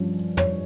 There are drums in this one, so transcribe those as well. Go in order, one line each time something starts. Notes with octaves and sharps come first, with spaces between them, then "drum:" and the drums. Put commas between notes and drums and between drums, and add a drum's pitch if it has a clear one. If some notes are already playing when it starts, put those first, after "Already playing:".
Already playing: G2 F3 C#4
C#5, drum: tom